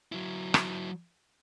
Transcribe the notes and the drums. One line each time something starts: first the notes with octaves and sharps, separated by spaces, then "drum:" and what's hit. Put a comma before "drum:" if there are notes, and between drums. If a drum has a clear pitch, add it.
F#3 E4
drum: rim click